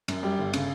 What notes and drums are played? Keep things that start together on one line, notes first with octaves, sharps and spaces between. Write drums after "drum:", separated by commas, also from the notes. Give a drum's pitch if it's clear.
F#2, drum: cymbal
G3
G1
C#3, drum: cymbal